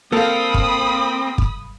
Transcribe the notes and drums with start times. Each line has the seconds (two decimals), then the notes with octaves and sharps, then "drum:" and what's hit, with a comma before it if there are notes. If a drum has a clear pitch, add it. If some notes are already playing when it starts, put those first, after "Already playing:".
0.12 A#3 C4 A4 F5 B5 D#6
0.54 drum: kick
1.38 drum: kick